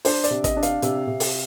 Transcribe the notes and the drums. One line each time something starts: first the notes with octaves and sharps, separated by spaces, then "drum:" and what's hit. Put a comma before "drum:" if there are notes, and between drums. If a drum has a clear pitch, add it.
D4 C5, drum: open hi-hat
D5, drum: hi-hat
C3
D#5, drum: kick, hi-hat
D4
F5, drum: hi-hat
C3, drum: hi-hat
C3
drum: open hi-hat